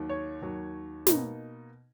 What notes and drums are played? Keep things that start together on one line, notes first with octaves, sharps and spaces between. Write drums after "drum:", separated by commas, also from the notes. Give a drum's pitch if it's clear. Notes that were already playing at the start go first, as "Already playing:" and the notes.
Already playing: D#2 D#3 F#3
C#5
D#2 D#3 F#3
B2 A#3 D#4, drum: snare